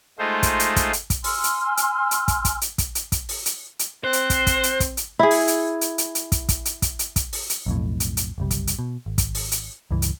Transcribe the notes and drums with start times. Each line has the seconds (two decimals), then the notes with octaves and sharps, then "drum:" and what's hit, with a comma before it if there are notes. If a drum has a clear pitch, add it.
0.19 G#3 A3 D#4 F4 C5
0.43 drum: kick, hi-hat
0.60 drum: hi-hat
0.76 drum: kick, hi-hat
0.93 drum: hi-hat
1.10 drum: kick, hi-hat
1.24 G#5 C6 E6 F6, drum: open hi-hat
1.44 drum: hi-hat
1.77 drum: hi-hat
2.11 drum: hi-hat
2.28 drum: kick, hi-hat
2.45 drum: kick, hi-hat
2.61 drum: hi-hat
2.78 drum: kick, hi-hat
2.95 drum: hi-hat
3.12 drum: kick, hi-hat
3.29 drum: open hi-hat
3.46 drum: hi-hat
3.79 drum: hi-hat
4.04 C4 C5 F#6
4.13 drum: hi-hat
4.30 drum: kick, hi-hat
4.47 drum: kick, hi-hat
4.63 drum: hi-hat
4.80 drum: kick, hi-hat
4.97 drum: hi-hat
5.19 E4 G#4
5.31 drum: open hi-hat
5.48 drum: hi-hat
5.81 drum: hi-hat
5.98 drum: hi-hat
6.15 drum: hi-hat
6.32 drum: kick, hi-hat
6.49 drum: kick, hi-hat
6.65 drum: hi-hat
6.82 drum: kick, hi-hat
6.99 drum: hi-hat
7.16 drum: kick, hi-hat
7.33 drum: open hi-hat
7.50 drum: hi-hat
7.66 B1 F2 A2
8.00 drum: hi-hat
8.17 drum: hi-hat
8.38 F#1 C2 G3
8.51 drum: kick, hi-hat
8.67 drum: hi-hat
8.79 B2
9.06 G#1
9.18 drum: kick, hi-hat
9.35 drum: open hi-hat
9.52 drum: hi-hat
9.91 C#2 G2 E3
10.02 drum: hi-hat